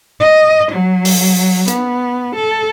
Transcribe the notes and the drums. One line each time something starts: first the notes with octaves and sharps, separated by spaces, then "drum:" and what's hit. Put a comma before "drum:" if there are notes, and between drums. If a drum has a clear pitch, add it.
D#5
F#3
drum: open hi-hat
B3, drum: hi-hat
A4